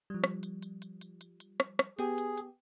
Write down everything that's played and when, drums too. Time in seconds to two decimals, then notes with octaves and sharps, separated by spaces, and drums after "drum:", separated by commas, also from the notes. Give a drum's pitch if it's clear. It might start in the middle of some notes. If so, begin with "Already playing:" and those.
0.10 F3 G3
0.24 drum: rim click
0.43 drum: hi-hat
0.62 drum: hi-hat
0.82 drum: hi-hat
1.01 drum: hi-hat
1.21 drum: hi-hat
1.40 drum: hi-hat
1.60 drum: rim click
1.79 drum: rim click
1.99 B3 G4 G#4, drum: hi-hat
2.18 drum: hi-hat
2.38 drum: hi-hat